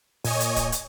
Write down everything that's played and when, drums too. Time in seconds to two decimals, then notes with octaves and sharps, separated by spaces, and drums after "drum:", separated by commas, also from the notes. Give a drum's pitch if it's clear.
0.24 A#2 C#5 D#5 G#5, drum: open hi-hat
0.40 drum: hi-hat
0.56 drum: kick D1, hi-hat
0.72 drum: hi-hat